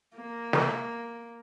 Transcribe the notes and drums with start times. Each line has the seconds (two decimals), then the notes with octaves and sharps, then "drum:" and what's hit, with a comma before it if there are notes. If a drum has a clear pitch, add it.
0.16 A#3
0.53 drum: snare